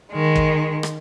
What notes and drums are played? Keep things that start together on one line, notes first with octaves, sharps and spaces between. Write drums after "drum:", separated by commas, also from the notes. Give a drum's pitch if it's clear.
D#3 G#3
drum: kick
drum: rim click